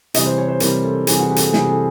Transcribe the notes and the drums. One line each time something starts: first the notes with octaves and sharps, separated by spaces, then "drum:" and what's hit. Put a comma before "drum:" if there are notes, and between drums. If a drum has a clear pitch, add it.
C3 E3 G3 D#5, drum: hi-hat
C5
C#5
C5
C3 E3 G3 A#4, drum: hi-hat
A4
C3 E3 G3 G#4, drum: hi-hat
F#4
G4
A4, drum: hi-hat
G#4
C3 E3 G3 G#4, drum: snare
A4